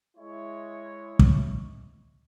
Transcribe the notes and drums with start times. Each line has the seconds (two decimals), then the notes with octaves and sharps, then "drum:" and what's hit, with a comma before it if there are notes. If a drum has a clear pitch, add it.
0.17 G#3 E4 C#5
1.19 drum: kick